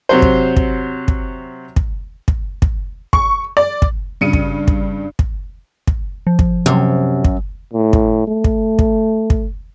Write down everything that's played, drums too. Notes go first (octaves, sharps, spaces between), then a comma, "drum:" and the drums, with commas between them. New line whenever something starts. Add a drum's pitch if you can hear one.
C3 F#3 C5
drum: kick
drum: kick
drum: kick
drum: kick
drum: kick
drum: kick
C#6, drum: kick
D5
drum: kick
G2 C#3 C#7 D#7
drum: kick
drum: kick
drum: kick
drum: kick
F3
drum: kick
F#2 C3
drum: kick
A2
drum: kick
A3
drum: kick
drum: kick
drum: kick